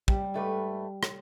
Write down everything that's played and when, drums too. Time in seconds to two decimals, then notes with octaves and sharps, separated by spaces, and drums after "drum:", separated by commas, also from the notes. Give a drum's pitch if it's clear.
0.08 G3, drum: kick
0.34 G#2 A3 B4
1.03 drum: rim click